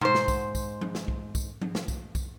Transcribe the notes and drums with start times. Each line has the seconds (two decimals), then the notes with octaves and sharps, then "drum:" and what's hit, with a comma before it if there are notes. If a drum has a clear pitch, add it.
0.01 G#2 C5, drum: tom B2
0.15 drum: snare
0.28 drum: kick B1, tambourine
0.55 drum: kick B1, tambourine
0.81 drum: tom F3
0.95 drum: snare
1.08 drum: kick B1
1.35 drum: kick B1, tambourine
1.62 drum: tom F3
1.75 drum: snare
1.88 drum: kick B1, tambourine
2.15 drum: kick B1, tambourine